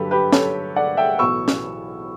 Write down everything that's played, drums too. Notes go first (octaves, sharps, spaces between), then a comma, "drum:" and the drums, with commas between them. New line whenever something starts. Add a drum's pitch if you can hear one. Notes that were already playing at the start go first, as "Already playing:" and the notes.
Already playing: G2 D3 F#3 G4 A4 B4
G4 B4
A4 C#5, drum: snare
D5 F#5
E5 G5
B1 A2 E3 B3 C#6 E6
drum: snare